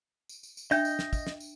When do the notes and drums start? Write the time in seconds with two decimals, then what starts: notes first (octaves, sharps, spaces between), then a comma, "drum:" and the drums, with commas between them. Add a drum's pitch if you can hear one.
0.29 drum: tambourine
0.43 drum: tambourine
0.57 drum: tambourine
0.71 D4 D#5 E5 G5 G6, drum: tambourine
0.85 drum: tambourine
0.99 drum: snare
1.13 drum: kick, tambourine
1.27 drum: snare
1.40 drum: tambourine